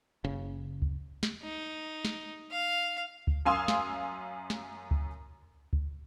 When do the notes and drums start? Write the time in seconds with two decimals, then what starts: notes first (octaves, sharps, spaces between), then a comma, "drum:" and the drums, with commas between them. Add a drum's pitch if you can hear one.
0.24 F#1 C#3
0.82 drum: kick C#2
1.23 drum: snare
1.43 D#4
2.05 drum: snare
2.51 F5
3.27 drum: kick C#2
3.46 F#2 F5 G#5 C6 D#6 E6
3.68 drum: snare
4.50 drum: snare
4.91 drum: kick C#2
5.73 drum: kick C#2